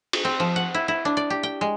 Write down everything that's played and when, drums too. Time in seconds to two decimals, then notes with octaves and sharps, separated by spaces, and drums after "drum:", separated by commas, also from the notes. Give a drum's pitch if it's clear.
0.13 drum: cymbal
0.25 C4
0.40 F3
0.56 F#5
0.74 E4
0.88 E4
1.05 D4
1.17 D5
1.30 G4
1.43 G5
1.61 G#3